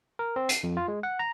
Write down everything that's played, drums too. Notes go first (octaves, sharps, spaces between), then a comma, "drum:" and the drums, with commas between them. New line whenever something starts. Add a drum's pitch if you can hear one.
A#4
C4
C7, drum: hi-hat
F2
F4
G#3
F#5
A#5